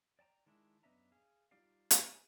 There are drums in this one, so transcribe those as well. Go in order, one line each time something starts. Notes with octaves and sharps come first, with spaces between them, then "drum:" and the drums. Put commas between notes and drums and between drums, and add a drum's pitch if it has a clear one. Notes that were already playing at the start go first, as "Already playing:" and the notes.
D5 G5 A5 A#5
D#3 G#3 D4 E4
F#2 B3 D4 D#5 E5 A#5
G#4 F5
G3 D#4 F4 G4 D5 F5
drum: hi-hat
B4 G#5